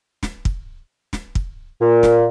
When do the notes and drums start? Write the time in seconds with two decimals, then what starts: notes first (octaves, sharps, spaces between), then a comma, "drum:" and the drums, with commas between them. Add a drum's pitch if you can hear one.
0.23 drum: snare
0.45 drum: kick
1.13 drum: snare
1.35 drum: kick
1.80 A#2
2.03 drum: snare